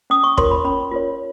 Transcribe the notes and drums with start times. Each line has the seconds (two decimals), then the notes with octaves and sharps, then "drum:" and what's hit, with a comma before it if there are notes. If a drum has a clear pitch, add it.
0.10 C#4 D#6
0.24 C#6
0.37 F4 A#4 C#5 C6, drum: kick
0.51 B5
0.64 C#4 B5
0.92 F4 A#4 C#5